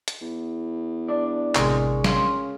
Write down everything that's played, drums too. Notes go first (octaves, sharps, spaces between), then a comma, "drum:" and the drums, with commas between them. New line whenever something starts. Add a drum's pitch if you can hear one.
drum: hi-hat
E2
D4 D5
A1 C3 G#3 A#4 C#6, drum: clap
C#3 F4, drum: snare